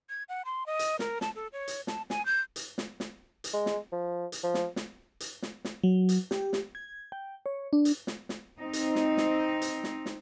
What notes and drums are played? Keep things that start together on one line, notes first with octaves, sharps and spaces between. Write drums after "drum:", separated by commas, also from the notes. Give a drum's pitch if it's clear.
G#6
F#5
C6
D#5
drum: hi-hat
A#4, drum: snare
A5, drum: snare
A4
C#5
drum: hi-hat
A5, drum: snare
G#5, drum: snare
G6
drum: hi-hat
drum: snare
drum: snare
drum: hi-hat
G#3
drum: snare
F3
drum: hi-hat
F3
drum: snare
drum: snare
drum: hi-hat
drum: snare
drum: snare
F#3
drum: hi-hat
G4, drum: snare
drum: snare
G#6
G5
C#5
D4
drum: hi-hat
drum: snare
drum: snare
C4 D#4
drum: hi-hat
drum: snare
drum: snare
drum: hi-hat
drum: snare
drum: snare